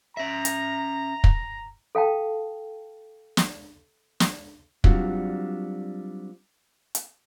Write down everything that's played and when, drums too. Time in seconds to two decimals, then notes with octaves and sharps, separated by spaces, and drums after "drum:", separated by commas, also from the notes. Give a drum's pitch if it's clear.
0.17 C#4 E5 A#5
0.45 drum: hi-hat
1.24 drum: kick
1.95 A4 F5 G5 A5
3.37 drum: snare
4.20 drum: snare
4.84 F#3 G3 C4 D4 F4 F#4, drum: kick
6.95 drum: hi-hat